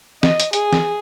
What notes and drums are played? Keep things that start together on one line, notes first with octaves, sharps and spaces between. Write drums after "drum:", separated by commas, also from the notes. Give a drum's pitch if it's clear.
D#5, drum: snare
drum: hi-hat
G#4, drum: hi-hat
drum: snare